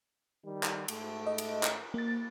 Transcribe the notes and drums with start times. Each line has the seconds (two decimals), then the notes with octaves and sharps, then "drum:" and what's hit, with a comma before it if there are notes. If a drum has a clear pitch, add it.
0.45 D#3 G3
0.63 drum: clap
0.88 G#2 A3, drum: cymbal
1.27 D#5
1.38 drum: cymbal
1.63 drum: clap
1.94 A#3 A6